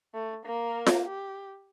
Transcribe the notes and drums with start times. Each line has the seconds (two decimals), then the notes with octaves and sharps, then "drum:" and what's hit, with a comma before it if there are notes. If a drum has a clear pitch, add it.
0.14 A3
0.46 A#3 A#4
0.86 drum: snare F4
1.06 G4